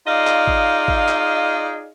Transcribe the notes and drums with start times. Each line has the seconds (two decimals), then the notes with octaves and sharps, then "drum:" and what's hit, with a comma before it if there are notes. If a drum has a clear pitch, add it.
0.07 D#4 F4 G#4 D5 D#5 F5
0.27 drum: clap
0.47 drum: kick
0.88 drum: kick
1.08 drum: clap